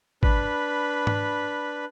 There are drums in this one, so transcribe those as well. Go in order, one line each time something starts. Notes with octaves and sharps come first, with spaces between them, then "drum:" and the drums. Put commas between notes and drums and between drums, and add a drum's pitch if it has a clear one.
D4 B4 B5, drum: kick
drum: tom G#2